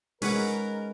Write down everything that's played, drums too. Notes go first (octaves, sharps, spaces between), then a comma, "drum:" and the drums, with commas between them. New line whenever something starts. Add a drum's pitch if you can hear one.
G#3 C#4 D#4 A#4 B4 F#5, drum: open hi-hat